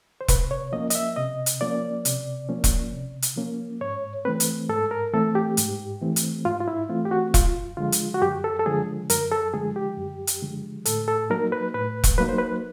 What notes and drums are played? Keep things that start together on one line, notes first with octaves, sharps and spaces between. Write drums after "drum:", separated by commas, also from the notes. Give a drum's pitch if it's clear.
C5
C3 B4, drum: kick E1, hi-hat
C#5
F3 A#3 C#4 D#5
D#5, drum: hi-hat
E5
C3 D#5
drum: hi-hat
F3 A#3 C#4 D5
C3, drum: hi-hat
F3 A#3 C#4
drum: kick E1, hi-hat
C3
drum: hi-hat
F3 A#3 C#4
G#2 C#5
E3 A3 C4 B4
drum: hi-hat
G#2 A4
A#4
E3 A3 C4 A4
G4
G#2, drum: hi-hat
E3 A3 C4
drum: hi-hat
G#2 F4
F4
E4
E3 A3 C4 F4
G4
F#4
F#2 F4, drum: kick E1, hi-hat
D3 F3 G#3 F4
drum: hi-hat
F#4
F#2 G4
A4
A4
D3 F3 G#3 G#4
F#2 A#4, drum: hi-hat
A4
D3 F3 G#3 G#4
G4
F#2
drum: hi-hat
D3 F3 G#3
A2 A4, drum: hi-hat
A4
F#3 A#3 D#4 A#4
B4
A2 B4
drum: kick E1, hi-hat
F#3 A#3 D#4 B4
C5
B4